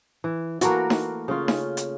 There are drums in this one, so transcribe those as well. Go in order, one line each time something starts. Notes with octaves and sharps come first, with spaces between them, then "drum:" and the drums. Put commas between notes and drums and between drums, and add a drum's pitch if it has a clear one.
E3
E3 A3 A#3 F#4 A#4, drum: hi-hat
drum: snare D#4
C#3 C#4 F4
drum: snare D#4
drum: hi-hat